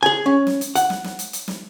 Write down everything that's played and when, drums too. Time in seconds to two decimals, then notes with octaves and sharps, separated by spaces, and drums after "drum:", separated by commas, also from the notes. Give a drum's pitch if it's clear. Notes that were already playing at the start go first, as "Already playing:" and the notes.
0.03 G#4 G#5
0.26 C#4
0.47 drum: snare
0.61 drum: hi-hat
0.76 F#5, drum: hi-hat
0.90 drum: snare
1.04 drum: snare
1.19 drum: hi-hat
1.33 drum: hi-hat
1.48 drum: snare